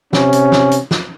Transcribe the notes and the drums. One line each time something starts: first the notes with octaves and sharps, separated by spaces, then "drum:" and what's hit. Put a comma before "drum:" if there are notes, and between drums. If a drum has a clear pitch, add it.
C3 C#4, drum: snare
drum: hi-hat
drum: snare
drum: hi-hat
drum: snare